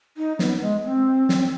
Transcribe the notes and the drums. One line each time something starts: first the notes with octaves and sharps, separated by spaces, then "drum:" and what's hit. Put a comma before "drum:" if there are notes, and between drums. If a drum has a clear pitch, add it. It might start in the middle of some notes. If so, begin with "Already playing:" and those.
D#4
B3, drum: snare
G#3
C4
drum: snare